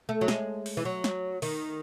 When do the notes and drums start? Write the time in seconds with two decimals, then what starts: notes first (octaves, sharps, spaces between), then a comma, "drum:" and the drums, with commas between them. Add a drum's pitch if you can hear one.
0.09 A3
0.21 F#3
0.28 G#3, drum: snare
0.66 drum: open hi-hat
0.77 E3
0.85 F#3
1.04 drum: snare
1.42 D#3, drum: open hi-hat